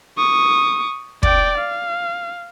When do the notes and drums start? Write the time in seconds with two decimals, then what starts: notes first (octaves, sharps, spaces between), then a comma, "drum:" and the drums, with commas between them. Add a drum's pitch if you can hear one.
0.17 C#6 D#6
1.23 D5 G5, drum: kick
1.58 F5